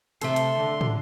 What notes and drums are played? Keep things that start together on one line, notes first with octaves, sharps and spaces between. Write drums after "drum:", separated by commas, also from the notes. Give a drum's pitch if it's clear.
C3 A3 A4 C6, drum: hi-hat
drum: hi-hat
D3
drum: tom